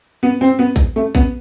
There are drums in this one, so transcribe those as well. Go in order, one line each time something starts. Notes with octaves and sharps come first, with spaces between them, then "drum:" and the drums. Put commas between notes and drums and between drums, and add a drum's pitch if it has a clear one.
B3
C4
B3
drum: kick A#1
A3
B3, drum: kick A#1